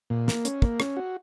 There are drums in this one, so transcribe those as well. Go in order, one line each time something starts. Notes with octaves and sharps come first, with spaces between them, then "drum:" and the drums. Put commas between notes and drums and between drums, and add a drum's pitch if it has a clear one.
A#2
A#3, drum: snare
C#4, drum: hi-hat
A#3, drum: kick
C#4, drum: rim click
F#4